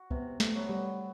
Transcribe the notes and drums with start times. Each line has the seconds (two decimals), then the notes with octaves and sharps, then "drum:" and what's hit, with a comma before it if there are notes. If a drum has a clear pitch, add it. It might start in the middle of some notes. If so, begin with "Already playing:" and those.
Already playing: F#4
0.11 C3 B3, drum: kick C2
0.40 A3, drum: snare
0.55 F#3 B3 F#4
0.69 G3